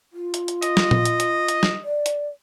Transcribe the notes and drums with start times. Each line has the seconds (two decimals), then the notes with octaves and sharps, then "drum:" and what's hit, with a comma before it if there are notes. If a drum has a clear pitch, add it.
0.13 F4
0.34 drum: hi-hat
0.48 drum: hi-hat
0.62 D#5, drum: hi-hat
0.77 drum: snare
0.91 drum: tom A#2
1.05 drum: hi-hat
1.20 drum: hi-hat
1.48 drum: hi-hat
1.63 drum: snare
1.84 D5
2.06 drum: hi-hat